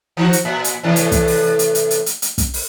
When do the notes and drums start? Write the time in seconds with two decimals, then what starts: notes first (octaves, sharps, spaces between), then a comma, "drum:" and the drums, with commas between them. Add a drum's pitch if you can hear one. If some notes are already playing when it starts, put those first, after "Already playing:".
0.17 D#3 F3 F#4
0.33 drum: hi-hat
0.45 A#2
0.64 drum: hi-hat
0.83 A2 C3 E3
0.96 drum: hi-hat
1.12 drum: kick, hi-hat
1.27 drum: open hi-hat
1.59 drum: hi-hat
1.75 drum: hi-hat
1.91 drum: hi-hat
2.06 drum: hi-hat
2.22 drum: hi-hat
2.38 drum: kick, hi-hat
2.54 drum: open hi-hat